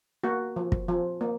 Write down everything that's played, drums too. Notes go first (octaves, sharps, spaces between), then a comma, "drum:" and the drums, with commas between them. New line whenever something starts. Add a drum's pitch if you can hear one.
A#3 F#4
F3
drum: kick
F3
A#3